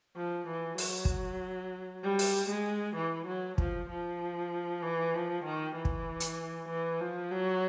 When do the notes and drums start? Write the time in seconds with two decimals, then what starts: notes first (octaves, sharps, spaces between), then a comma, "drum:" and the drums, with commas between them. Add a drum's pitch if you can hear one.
0.16 F3
0.48 E3
0.78 F#3, drum: open hi-hat
1.05 drum: kick
2.03 G3
2.19 drum: open hi-hat
2.49 G#3
2.96 E3
3.27 F#3
3.58 F3, drum: kick
3.90 F3
4.83 E3
5.14 F3
5.45 D#3
5.76 E3
5.85 drum: kick
6.20 drum: hi-hat
6.69 E3
7.00 F3
7.31 F#3